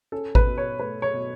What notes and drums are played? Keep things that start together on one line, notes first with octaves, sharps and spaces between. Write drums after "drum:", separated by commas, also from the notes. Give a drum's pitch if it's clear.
C#4 A4
B4, drum: kick G#1
B2
C#5
A3 B4
C#5
B2